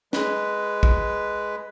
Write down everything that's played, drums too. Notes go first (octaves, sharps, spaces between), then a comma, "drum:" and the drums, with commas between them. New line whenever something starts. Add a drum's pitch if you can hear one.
G#3 B4, drum: snare
drum: kick